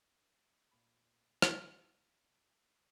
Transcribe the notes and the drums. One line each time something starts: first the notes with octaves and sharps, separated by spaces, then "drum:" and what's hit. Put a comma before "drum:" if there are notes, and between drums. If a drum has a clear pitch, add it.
A#2 B5
drum: rim click